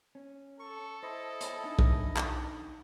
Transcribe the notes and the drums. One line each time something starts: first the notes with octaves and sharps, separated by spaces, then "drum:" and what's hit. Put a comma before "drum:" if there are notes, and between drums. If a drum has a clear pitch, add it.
C#4
A4 C#6
E4 C5 D#5
drum: hi-hat
D4 D#4 G#5
drum: kick B1
drum: clap